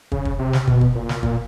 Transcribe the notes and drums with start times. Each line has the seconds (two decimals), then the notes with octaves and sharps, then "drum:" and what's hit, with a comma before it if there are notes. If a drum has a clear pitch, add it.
0.12 C#3, drum: kick
0.25 drum: kick
0.39 C3
0.53 drum: snare
0.67 B2, drum: kick
0.81 drum: kick
0.96 A#2
1.09 drum: snare
1.23 A#2, drum: kick